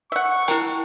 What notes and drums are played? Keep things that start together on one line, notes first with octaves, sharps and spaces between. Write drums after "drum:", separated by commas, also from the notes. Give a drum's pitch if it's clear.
E5 F#5 C#6
E4 A#4 G5, drum: hi-hat